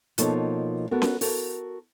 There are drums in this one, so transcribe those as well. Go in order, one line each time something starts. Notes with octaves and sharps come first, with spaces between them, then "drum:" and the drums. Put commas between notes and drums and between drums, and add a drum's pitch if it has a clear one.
B2 F3 A#3 D#4 A4 C#5, drum: hi-hat
B3 F#4 A4 A#4
drum: snare C#4
F#4 A4 A#4, drum: open hi-hat